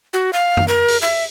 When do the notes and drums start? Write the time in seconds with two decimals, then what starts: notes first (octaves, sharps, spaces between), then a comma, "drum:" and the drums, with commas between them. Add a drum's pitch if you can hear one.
0.13 F#4
0.33 F5
0.57 drum: tom F#2
0.68 A#4
0.88 drum: open hi-hat
1.02 E5